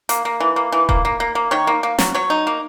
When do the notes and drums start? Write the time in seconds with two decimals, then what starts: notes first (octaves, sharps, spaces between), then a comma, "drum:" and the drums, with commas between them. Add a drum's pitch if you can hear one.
0.09 A#3, drum: hi-hat
0.25 A#3
0.40 E3
0.56 A#3
0.72 E3
0.89 A#3, drum: kick D#1
1.05 A#3
1.20 A#3
1.35 A#3
1.51 D#3 C#5
1.67 A#3
1.83 A#3
1.99 F#3, drum: snare
2.14 F#3 C#5
2.30 D#4
2.47 A#3